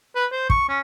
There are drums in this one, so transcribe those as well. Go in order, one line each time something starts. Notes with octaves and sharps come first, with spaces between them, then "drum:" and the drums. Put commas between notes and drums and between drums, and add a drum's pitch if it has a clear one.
B4
C5
C#6, drum: kick
C#4